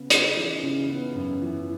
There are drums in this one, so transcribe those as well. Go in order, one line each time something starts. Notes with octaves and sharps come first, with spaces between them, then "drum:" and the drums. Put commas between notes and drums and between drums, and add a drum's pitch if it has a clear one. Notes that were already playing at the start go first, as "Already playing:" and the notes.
Already playing: C#3 B3
D#4, drum: hi-hat
E3
C#3
B3
F#2
E3